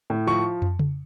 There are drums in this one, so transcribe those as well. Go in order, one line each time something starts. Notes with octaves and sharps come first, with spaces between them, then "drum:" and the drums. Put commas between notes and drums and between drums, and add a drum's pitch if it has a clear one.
A2
F3 C#6
drum: tom
drum: tom C#3